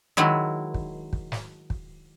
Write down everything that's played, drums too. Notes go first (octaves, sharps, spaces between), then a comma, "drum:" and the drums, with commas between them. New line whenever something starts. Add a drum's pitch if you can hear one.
D#3 F#3 G#3 E4
drum: kick
drum: kick
drum: snare
drum: kick